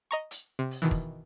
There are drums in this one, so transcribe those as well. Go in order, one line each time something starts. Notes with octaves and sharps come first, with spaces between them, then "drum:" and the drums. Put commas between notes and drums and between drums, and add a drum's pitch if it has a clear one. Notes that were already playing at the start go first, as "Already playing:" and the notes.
D#5 A#5 C#6
drum: hi-hat
C3
drum: open hi-hat
B2 D#3 E3
drum: kick